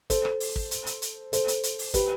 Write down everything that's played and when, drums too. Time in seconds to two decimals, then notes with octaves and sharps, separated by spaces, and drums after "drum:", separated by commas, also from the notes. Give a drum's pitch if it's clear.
0.10 A4 C5, drum: kick, hi-hat
0.25 drum: rim click
0.40 drum: open hi-hat
0.56 drum: kick
0.71 drum: hi-hat
0.86 drum: hi-hat
1.02 drum: hi-hat
1.33 A4 C5, drum: hi-hat
1.48 drum: hi-hat
1.63 drum: hi-hat
1.79 drum: open hi-hat
1.94 G4 B4, drum: kick, hi-hat